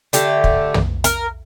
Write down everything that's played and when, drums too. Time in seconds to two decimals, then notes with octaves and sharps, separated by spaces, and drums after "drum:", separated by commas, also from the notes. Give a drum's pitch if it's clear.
0.13 D3 A3 G4, drum: hi-hat
0.44 drum: kick
0.74 drum: tom
1.04 A#4, drum: hi-hat